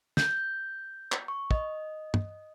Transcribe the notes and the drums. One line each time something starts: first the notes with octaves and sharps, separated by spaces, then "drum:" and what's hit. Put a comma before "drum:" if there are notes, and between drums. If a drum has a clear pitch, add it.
G6, drum: snare
drum: clap
C#6
D#5, drum: kick
drum: tom